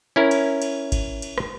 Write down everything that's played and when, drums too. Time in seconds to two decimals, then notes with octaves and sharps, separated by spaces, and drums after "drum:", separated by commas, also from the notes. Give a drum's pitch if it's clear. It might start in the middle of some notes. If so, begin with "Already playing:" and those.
0.16 C#4 E4 A#4
0.31 drum: cymbal
0.62 drum: cymbal
0.92 drum: kick G#1, cymbal
1.22 drum: cymbal
1.38 drum: rim click